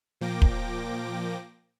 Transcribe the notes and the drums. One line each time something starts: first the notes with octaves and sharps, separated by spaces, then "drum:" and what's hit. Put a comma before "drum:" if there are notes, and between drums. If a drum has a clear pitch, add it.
A#2 F3 A#3 G5 D6 A#6
drum: kick